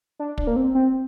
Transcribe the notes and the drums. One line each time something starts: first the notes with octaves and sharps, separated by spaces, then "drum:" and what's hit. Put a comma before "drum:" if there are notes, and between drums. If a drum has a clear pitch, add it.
D4
D4, drum: kick
A#3
C4
C4